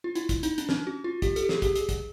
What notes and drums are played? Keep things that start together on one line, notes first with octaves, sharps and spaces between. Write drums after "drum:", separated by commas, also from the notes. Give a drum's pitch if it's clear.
F4
E4, drum: hi-hat
drum: kick, hi-hat
D#4, drum: hi-hat
D4, drum: hi-hat
C#4, drum: snare
F#4
F4
G4, drum: kick, hi-hat
A4, drum: hi-hat
G4
G#4, drum: snare
G4, drum: kick, hi-hat
G#4, drum: hi-hat
drum: kick, hi-hat